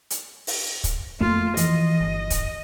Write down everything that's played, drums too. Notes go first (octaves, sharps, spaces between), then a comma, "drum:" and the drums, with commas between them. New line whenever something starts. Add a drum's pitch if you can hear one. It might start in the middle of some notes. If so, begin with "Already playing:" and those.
drum: hi-hat
drum: open hi-hat
drum: kick, hi-hat
F2 A3 A#3 F4
E3 F3 D#5, drum: hi-hat
G1
drum: kick, hi-hat